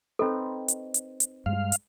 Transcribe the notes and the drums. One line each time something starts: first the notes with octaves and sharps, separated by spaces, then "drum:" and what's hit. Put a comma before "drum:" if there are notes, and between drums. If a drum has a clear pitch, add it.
C4 D#4 A4 B4
drum: hi-hat
drum: hi-hat
drum: hi-hat
G2 G#3 F5
drum: hi-hat